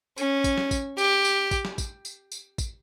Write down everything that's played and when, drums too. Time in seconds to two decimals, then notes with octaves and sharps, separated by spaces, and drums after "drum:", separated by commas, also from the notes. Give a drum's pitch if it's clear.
0.18 C#4, drum: tambourine
0.44 drum: kick, tambourine
0.58 drum: snare
0.71 drum: kick, tambourine
0.98 G4, drum: tambourine
1.25 drum: tambourine
1.51 drum: kick, tambourine
1.65 drum: snare
1.78 drum: kick, tambourine
2.05 drum: tambourine
2.32 drum: tambourine
2.58 drum: kick, tambourine